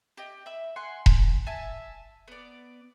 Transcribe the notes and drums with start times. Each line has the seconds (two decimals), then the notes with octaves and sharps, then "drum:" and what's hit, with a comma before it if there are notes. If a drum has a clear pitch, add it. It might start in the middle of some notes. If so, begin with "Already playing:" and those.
0.17 G4 D#5
0.46 E5 B5 E6
0.76 F#5 G#5 C6
1.06 drum: kick E1
1.46 E5 G#5 A5
2.28 B3 D5